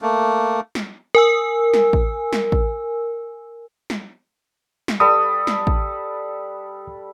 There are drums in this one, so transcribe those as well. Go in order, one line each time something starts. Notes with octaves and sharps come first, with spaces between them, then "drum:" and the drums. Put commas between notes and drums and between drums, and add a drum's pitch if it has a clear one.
A3 A#3
drum: snare
A#4 G#5 E6
drum: snare
drum: kick A1
drum: snare
drum: kick A1
drum: snare
drum: snare
G3 A4 B4 D#6
drum: snare
drum: kick A1